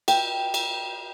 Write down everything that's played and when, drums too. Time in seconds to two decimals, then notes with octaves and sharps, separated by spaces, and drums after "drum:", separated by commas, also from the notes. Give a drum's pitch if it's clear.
0.08 G5, drum: cymbal
0.54 drum: cymbal